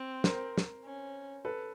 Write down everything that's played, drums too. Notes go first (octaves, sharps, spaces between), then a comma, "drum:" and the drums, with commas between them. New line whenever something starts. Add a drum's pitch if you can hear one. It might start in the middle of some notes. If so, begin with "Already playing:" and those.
Already playing: C4
A#4 C5, drum: snare
drum: snare
C#4
A4 B4